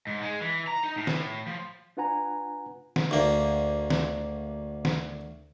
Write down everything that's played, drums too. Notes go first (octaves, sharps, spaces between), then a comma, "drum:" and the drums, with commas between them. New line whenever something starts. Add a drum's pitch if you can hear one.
G#2
G#3
E3
A#5
D#4
A2
drum: snare
F3
D4 F4 B4 F#5 G#5 A#5
drum: snare
D2 A#3
drum: snare
drum: snare